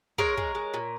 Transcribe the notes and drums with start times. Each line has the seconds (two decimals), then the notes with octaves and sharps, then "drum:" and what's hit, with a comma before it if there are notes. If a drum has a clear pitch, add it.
0.18 G#3 A#4 C#5, drum: kick
0.37 G#3, drum: kick
0.55 G#3
0.74 A#2